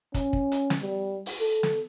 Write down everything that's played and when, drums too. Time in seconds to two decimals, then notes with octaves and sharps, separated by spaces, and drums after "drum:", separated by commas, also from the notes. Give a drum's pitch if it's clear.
0.14 C#4, drum: kick, hi-hat
0.33 drum: kick
0.52 drum: hi-hat
0.70 drum: snare
0.82 G3
1.26 drum: open hi-hat
1.40 A4
1.63 drum: snare